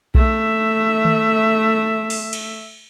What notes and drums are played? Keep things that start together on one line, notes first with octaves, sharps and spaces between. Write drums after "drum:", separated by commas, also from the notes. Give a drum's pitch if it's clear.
A3 E5, drum: kick B1
drum: tom D#3
drum: open hi-hat
drum: cymbal